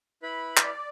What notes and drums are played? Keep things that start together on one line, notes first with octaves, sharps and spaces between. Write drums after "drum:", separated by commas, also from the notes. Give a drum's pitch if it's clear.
E4 B4 B5
D5, drum: clap